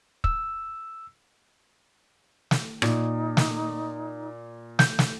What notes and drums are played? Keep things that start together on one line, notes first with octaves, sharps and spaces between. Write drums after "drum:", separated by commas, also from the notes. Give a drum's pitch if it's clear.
E6, drum: kick
drum: snare
A#2 D#4, drum: rim click
drum: snare
G6, drum: snare
drum: snare